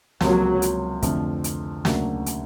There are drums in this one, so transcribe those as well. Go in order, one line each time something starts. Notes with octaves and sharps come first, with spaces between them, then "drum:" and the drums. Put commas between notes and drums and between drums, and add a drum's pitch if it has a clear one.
C#2 C3 F3 F#3 A#3, drum: snare
drum: hi-hat
F2 D3 F3 A3, drum: kick, hi-hat
drum: hi-hat
D2 C#3 F#3 A#3 D4, drum: snare
drum: hi-hat